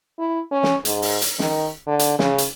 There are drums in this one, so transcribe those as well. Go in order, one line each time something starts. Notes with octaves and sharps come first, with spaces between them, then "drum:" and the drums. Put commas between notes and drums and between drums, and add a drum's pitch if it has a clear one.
E4
C#4
drum: snare
G#2, drum: hi-hat
drum: open hi-hat
drum: hi-hat
D#3, drum: snare
D3
drum: hi-hat
C#3, drum: snare
drum: hi-hat